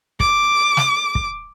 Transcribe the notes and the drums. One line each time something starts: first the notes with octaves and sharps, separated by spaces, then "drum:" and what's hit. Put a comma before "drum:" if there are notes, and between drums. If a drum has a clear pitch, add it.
D6, drum: kick
drum: snare
drum: kick